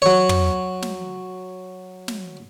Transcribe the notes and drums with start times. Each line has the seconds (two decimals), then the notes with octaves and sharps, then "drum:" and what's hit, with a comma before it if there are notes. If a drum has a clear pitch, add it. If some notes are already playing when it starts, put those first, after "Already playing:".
0.02 F#3 C#5
0.29 drum: tom
0.82 drum: snare
2.08 drum: snare